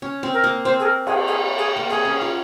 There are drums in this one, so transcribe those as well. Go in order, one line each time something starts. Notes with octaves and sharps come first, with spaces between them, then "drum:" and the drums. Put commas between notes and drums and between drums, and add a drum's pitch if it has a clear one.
C#4
C4
A#4
A#3
C4 C5
G#4
A#4
G#4, drum: cymbal
G#4
G#4
A#3
C4 G#4
C#4
F4